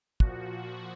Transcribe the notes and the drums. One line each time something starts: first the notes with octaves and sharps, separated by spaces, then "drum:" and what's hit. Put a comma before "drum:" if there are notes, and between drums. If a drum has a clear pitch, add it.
A#2 F3 F#4, drum: kick